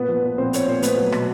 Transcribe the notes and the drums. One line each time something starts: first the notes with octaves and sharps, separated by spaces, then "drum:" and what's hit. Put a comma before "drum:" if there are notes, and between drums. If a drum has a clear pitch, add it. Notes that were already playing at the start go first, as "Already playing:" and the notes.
Already playing: A#2 B3 B4
F3
A#2
A#2 C4 C5
A#2 C#5, drum: hi-hat
A#2 C5
A3 B3 B4, drum: hi-hat
F#3
B2, drum: rim click